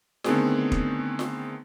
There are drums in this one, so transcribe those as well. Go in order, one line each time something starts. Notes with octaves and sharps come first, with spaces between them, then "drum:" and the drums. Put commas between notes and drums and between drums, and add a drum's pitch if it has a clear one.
D3 D#3 A3 B3 C4 G#4, drum: snare
drum: kick
drum: snare